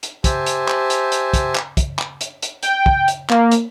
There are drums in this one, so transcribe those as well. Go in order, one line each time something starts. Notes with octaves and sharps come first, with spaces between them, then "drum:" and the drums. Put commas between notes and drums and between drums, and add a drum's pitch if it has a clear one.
drum: hi-hat
G4 C5 E5 G#5 A5, drum: kick, hi-hat
drum: hi-hat
drum: clap
drum: hi-hat
drum: hi-hat
drum: kick, hi-hat
drum: clap
drum: kick, hi-hat
drum: clap
drum: hi-hat
drum: hi-hat
G5, drum: hi-hat
drum: kick
drum: hi-hat
A#3, drum: clap
drum: hi-hat